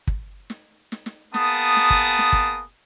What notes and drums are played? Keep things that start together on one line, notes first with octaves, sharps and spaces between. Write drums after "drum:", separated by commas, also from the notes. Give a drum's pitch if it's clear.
drum: kick
drum: snare
drum: snare
drum: snare
A#3 B3 G#4 A5 D#6, drum: snare
drum: snare
drum: kick
drum: snare
drum: kick